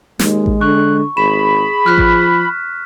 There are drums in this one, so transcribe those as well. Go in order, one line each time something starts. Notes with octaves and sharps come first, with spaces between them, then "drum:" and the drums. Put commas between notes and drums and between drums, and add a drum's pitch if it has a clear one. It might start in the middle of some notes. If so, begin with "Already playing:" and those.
D#2 G#3, drum: snare
drum: kick A1
D3 C#6 F#6
G#1 G#4 B5 E7
F3 F6 F#6 B6
drum: kick A1